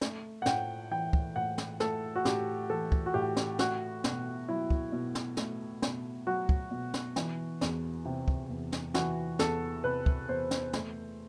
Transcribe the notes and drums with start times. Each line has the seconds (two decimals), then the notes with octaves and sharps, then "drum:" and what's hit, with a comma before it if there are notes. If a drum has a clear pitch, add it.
0.01 A3, drum: snare
0.42 F#5
0.46 A2 G5, drum: snare
0.91 E3 G5
1.13 drum: kick
1.36 A2 F#5
1.58 drum: snare
1.80 A3 A4, drum: snare
2.16 F#4
2.25 A2 G4, drum: snare
2.70 E3 A4
2.92 drum: kick
3.06 F#4
3.14 A2 G4
3.37 drum: snare
3.59 A3 F#4, drum: snare
4.04 B2, drum: snare
4.49 F#3 E4
4.70 drum: kick
4.92 B2
5.15 drum: snare
5.37 A3, drum: snare
5.82 B2, drum: snare
6.27 F#3 F#4
6.49 drum: kick
6.71 B2
6.94 drum: snare
7.16 E3, drum: snare
7.61 E2, drum: snare
8.05 C3
8.28 drum: kick
8.50 E2
8.72 drum: snare
8.94 E3 F#4, drum: snare
9.39 E2 A4, drum: snare
9.84 C3 B4
10.06 drum: kick
10.29 E2 C5
10.51 drum: snare
10.73 A3, drum: snare